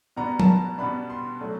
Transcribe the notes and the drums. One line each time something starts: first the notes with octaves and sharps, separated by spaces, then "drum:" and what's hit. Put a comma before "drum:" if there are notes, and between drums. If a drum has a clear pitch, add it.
B2 G3 B3 D4 A#5
A5, drum: tom F#3
A#5
B2 G3 B3 D4 B5
C6
F#3 A3 D4